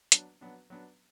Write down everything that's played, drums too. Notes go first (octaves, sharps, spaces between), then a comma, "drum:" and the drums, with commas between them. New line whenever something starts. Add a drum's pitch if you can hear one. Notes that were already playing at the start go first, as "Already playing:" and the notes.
F#3 B3 D4, drum: hi-hat
F#3 B3 D4
F#3 B3 D4